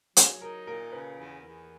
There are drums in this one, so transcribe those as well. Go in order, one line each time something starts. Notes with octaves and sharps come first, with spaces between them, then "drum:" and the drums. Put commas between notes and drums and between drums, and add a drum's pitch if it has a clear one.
F#3 G#4, drum: hi-hat
D#4 A#4
A#2 A#4
C#3 B4
E2
E2